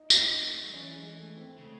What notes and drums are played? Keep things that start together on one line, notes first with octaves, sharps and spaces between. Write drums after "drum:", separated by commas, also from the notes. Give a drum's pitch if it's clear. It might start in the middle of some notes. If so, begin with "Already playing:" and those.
Already playing: D#4
C4, drum: tambourine
C4
A3
G#3
F#3
E3 C#4
G#3
A3
C4
C#3 A3